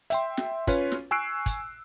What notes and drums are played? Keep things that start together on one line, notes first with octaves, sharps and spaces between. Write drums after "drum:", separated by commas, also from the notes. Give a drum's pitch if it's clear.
E5 G5 C6, drum: hi-hat
drum: snare
C#4 F4 B4 C#5, drum: kick, hi-hat
drum: snare
G#5 C#6 E6 F#6 C7 D7
drum: kick, hi-hat